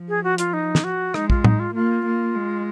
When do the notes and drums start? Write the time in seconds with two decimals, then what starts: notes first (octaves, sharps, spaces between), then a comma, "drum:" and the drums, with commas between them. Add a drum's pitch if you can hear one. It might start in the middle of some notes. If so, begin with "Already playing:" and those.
Already playing: F3
0.09 G#4
0.24 F#4
0.38 F4, drum: hi-hat
0.53 D#4
0.75 drum: snare
0.84 F#4
1.14 G#3 D#4, drum: rim click
1.30 F4, drum: kick A#1
1.44 D#4, drum: tom
1.60 F4
1.74 A#3 F4
2.06 A#3
2.35 G#3